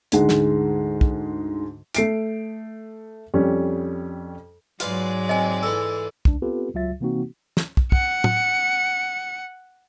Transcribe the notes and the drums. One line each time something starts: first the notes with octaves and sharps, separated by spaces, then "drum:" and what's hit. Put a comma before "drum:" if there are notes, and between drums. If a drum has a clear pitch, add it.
D2 G#2 G#3 F#5, drum: hi-hat
drum: snare
drum: kick
A3 C7 D7, drum: hi-hat
F2 G3 C#4
G#2 F#3 G#3 F4 B4 D5 F5, drum: hi-hat
C3 D#5 G#5
E3 A4
C#2 D4, drum: kick
B3 C4 F4 G4 A4 B4
C#2 F#3 F4 E5 A6
C3 E3 A#3 C4 D#4 F#4
drum: snare
drum: kick
F#5 C#7, drum: kick
drum: tom